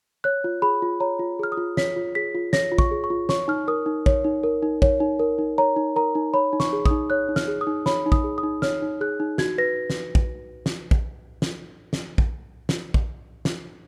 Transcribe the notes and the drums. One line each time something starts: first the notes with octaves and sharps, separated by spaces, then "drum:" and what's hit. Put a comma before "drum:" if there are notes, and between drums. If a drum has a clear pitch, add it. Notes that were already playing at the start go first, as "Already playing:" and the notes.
C#5 F#6
F4
G#4 B5
F4
C#5 A#5
F4
G#4 F6
D#6
F4
C#5 B6, drum: snare
F4
G#4 B6
F4
C#5 A#6, drum: snare
F4
C#6, drum: kick
G#4
C#6
F4
C#5 C#6, drum: snare
D#4 F6
A#4 D#6
D#4
C#5, drum: kick
D#4
A#4
D#4
C#5, drum: kick
D#4
A#4
D#4
C#5 A#5
D#4
A#4 A#5
D#4
C#5 B5
D#4
C#6, drum: snare
G#4
D#6, drum: kick
D#4
C#5 F#6
D#4
F6, drum: snare
G#4
D#6
D#4
C#5 B5, drum: snare
D#4
D#6, drum: kick
G#4
D#6
D#4
C#5 F6, drum: snare
D#4
G#4 F#6
D#4
F#4 G#6, drum: snare
B4 A#6
drum: snare
drum: kick
drum: snare
drum: kick
drum: snare
drum: snare
drum: kick
drum: snare
drum: kick
drum: snare